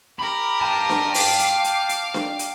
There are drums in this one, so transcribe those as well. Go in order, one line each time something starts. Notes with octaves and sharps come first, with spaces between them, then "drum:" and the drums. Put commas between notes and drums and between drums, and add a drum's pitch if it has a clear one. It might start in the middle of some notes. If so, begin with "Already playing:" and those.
G4 A#4 B5
G5 A5
drum: snare D4
F5 D6, drum: open hi-hat
drum: hi-hat
drum: hi-hat
drum: hi-hat
drum: snare D4
drum: hi-hat